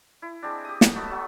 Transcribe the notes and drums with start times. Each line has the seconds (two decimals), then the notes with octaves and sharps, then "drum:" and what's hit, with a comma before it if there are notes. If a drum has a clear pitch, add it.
0.22 E4
0.42 G#3 C4 D4
0.65 G4 D#6
0.81 drum: snare
0.95 F#3 A3 B3 D#5
1.08 F#3 E6